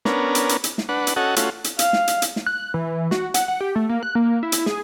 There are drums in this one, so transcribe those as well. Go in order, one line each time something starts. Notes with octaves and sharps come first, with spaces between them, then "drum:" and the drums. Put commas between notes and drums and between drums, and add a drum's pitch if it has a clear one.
B3 C#4 D4 A#4, drum: snare
drum: hi-hat
drum: hi-hat
drum: hi-hat
drum: snare
D4 B4 F#5
drum: hi-hat
C#4 F#4 A4 D#5 F#5
A3 C#4 F4 F#4, drum: hi-hat
drum: hi-hat
F5, drum: hi-hat
drum: snare
drum: hi-hat
drum: hi-hat
drum: snare
F#6
E3
F#4, drum: snare
F#5, drum: hi-hat
F#5
G4
A3
A#3
F#6
A#3
E4
drum: hi-hat
G#4, drum: snare